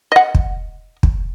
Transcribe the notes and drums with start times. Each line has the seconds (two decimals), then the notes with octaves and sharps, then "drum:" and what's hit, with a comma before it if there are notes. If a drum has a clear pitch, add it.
0.12 D#5 F#5
0.35 drum: kick
1.03 drum: kick